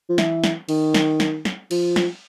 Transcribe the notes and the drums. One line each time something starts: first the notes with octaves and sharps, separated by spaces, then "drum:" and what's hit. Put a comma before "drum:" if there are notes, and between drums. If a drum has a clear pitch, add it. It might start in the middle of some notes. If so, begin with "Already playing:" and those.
F3
E3, drum: snare
drum: snare
D#3, drum: cymbal
drum: snare
drum: snare
drum: snare
F3, drum: cymbal
drum: snare